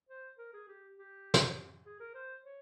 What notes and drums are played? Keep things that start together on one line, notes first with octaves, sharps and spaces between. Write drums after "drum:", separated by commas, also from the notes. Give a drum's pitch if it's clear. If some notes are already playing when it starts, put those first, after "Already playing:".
C5
A#4
G#4
G4
G4
drum: snare
G#4
A#4
C5
C#5